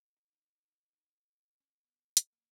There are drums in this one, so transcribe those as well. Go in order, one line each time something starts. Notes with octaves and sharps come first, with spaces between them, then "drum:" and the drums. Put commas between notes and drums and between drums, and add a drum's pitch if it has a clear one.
D#4
C#4
B3
drum: hi-hat
A#3